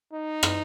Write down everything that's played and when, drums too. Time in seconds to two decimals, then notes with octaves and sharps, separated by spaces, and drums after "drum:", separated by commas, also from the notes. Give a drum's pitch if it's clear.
0.14 D#4
0.43 drum: rim click